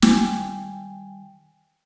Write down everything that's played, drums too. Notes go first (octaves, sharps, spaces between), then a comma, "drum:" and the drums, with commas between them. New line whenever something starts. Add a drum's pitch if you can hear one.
D#3 G3 G5 G#5, drum: snare